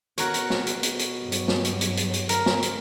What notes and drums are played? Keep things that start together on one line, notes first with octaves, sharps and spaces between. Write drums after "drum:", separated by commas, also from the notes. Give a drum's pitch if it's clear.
B2 F#4 A#4 C#5, drum: hi-hat
drum: hi-hat
drum: snare
drum: hi-hat
drum: hi-hat
drum: hi-hat
G2 F#3
drum: hi-hat
drum: snare
drum: hi-hat
drum: hi-hat
drum: hi-hat
drum: hi-hat
A#4, drum: hi-hat
drum: snare
drum: hi-hat